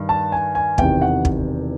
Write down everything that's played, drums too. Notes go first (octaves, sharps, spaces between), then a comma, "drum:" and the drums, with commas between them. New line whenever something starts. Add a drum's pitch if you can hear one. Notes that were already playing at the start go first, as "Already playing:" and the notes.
Already playing: G2 D#3
A5
G#5
G#5
E1 E2 C3 D#3 G5, drum: kick
F#5
drum: kick